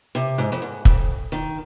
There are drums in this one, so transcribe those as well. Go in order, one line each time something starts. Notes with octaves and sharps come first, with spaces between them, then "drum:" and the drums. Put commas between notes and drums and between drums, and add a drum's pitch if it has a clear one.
C3
G#2
F2
G#2
F2, drum: kick
D#3